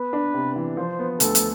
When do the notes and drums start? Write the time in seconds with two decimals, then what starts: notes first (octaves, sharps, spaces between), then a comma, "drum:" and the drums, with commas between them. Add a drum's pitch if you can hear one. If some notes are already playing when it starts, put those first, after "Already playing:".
Already playing: B3 B4
0.13 D4
0.34 C3
0.56 E3
0.77 F3 C5
0.99 B3
1.20 D2 A4, drum: hi-hat
1.35 drum: hi-hat